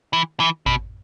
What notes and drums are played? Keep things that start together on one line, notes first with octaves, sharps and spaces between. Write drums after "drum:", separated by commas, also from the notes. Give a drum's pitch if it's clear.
E3
E3
B2, drum: kick G#1